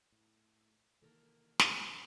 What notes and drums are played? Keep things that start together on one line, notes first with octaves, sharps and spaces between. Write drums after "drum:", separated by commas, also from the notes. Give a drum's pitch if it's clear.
A2
C3 D#3 E3 A#3 A4 A#4
drum: snare